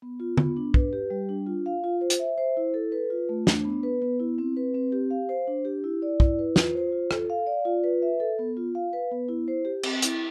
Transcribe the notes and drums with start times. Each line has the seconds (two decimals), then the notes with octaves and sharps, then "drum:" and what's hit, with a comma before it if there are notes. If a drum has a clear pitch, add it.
0.02 B3
0.20 F4
0.37 B3, drum: tom D3
0.57 D4
0.74 B4, drum: kick
0.93 G4
1.10 G3
1.29 D4
1.47 F4
1.66 F5
1.84 F4
2.01 C5
2.10 drum: hi-hat
2.19 E5
2.38 C5
2.57 E4
2.74 A4
2.92 B4
3.10 F4
3.29 A3
3.47 D4, drum: snare
3.65 B3
3.83 B4
4.02 B3
4.20 E4
4.38 C4
4.57 B4
4.74 C4
4.92 G4
5.10 F5
5.29 C5
5.48 D4
5.65 G4
5.84 E4
6.02 D5
6.20 E4, drum: kick
6.39 B4
6.56 F4, drum: snare
6.75 C5
6.92 F4
7.11 A4, drum: rim click
7.30 F5
7.47 D5
7.65 F4
7.84 B4
8.02 E5
8.20 A4
8.39 B3
8.57 F4
8.75 F5
8.93 B4
9.11 B3
9.28 E4
9.48 C5
9.65 G4
9.83 C4, drum: cymbal
10.02 E4, drum: hi-hat